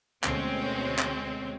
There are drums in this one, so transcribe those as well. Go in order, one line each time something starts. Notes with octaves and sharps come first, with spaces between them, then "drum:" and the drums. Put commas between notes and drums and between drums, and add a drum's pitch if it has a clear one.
D2 B2 G#3 C4 C#4, drum: clap
drum: clap